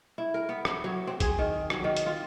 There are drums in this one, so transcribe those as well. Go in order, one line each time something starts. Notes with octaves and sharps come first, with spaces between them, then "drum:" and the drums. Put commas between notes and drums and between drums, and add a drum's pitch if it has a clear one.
E4
A#4
B3
drum: rim click
F#3
C4
G#4, drum: kick A#1, hi-hat
D#3
F#3, drum: rim click
D#3
drum: hi-hat
F4